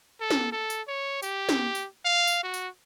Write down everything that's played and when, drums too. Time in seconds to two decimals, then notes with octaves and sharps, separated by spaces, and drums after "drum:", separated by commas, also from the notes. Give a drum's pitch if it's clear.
0.21 A4
0.31 drum: snare
0.52 A4
0.70 drum: tambourine
0.88 C#5
1.22 G4, drum: tambourine
1.49 drum: snare
1.75 drum: tambourine
2.05 F5
2.27 drum: tambourine
2.44 F#4
2.54 drum: tambourine